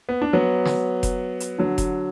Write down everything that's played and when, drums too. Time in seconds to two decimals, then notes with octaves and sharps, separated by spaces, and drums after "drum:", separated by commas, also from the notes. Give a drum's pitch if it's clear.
0.09 B3
0.22 D4
0.33 F#3 B3
0.65 drum: snare
1.03 drum: kick F1, hi-hat
1.40 drum: hi-hat
1.58 D3 F#3
1.78 drum: kick F1, hi-hat